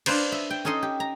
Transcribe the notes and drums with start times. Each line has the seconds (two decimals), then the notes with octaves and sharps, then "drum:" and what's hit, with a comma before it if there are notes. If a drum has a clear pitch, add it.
0.06 D4 F4 B4 C5 D5, drum: cymbal
0.32 E5
0.50 G5
0.65 C#4 D#4 A4 D#5 C6
0.83 G4
1.00 A#5